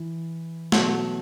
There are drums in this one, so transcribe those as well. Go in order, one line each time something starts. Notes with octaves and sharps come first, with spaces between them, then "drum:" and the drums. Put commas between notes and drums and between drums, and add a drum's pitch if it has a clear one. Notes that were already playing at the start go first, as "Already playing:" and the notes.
Already playing: E3
B2 F#3 A3, drum: snare